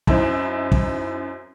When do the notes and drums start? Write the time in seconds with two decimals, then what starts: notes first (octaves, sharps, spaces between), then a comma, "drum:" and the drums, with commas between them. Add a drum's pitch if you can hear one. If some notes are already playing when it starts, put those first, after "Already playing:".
0.07 F#2 C4 D#4 E4, drum: kick
0.72 drum: kick